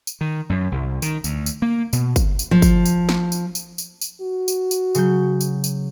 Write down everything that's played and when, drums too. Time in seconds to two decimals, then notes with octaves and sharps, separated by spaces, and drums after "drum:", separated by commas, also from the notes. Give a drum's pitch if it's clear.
0.07 drum: tambourine
0.21 D#3
0.50 F#2
0.72 C2
1.02 D#3, drum: tambourine
1.24 D2, drum: tambourine
1.46 drum: tambourine
1.62 A#3
1.93 B2, drum: tambourine
2.16 drum: kick G1, tambourine
2.39 drum: tambourine
2.51 F3
2.62 drum: kick G1, tambourine
2.85 drum: tambourine
3.09 drum: snare
3.32 drum: tambourine
3.55 drum: tambourine
3.78 drum: tambourine
4.01 drum: tambourine
4.21 F#4
4.48 drum: tambourine
4.71 drum: tambourine
4.95 C#3 F#3 G6, drum: tambourine
5.41 drum: tambourine
5.64 drum: tambourine